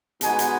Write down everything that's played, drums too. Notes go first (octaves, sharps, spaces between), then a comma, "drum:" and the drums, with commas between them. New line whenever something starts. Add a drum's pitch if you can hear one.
G#3 B3 D#4 F#4 G#5, drum: hi-hat
drum: hi-hat